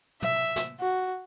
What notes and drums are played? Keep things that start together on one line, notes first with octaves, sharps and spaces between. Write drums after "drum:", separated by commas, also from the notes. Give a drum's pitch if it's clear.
E5, drum: tom
drum: snare
F#4